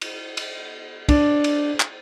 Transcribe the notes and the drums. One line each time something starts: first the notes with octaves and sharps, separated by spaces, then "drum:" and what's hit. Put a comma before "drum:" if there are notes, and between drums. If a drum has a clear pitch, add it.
drum: cymbal
drum: cymbal
D4, drum: kick, cymbal
drum: cymbal
drum: clap